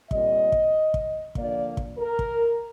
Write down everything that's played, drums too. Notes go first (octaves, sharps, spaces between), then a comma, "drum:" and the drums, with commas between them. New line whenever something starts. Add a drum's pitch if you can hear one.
A#2 G3 C4 D#5, drum: kick
drum: kick
drum: kick
D3 F3 A#3 D5, drum: kick
drum: kick
A#4
drum: kick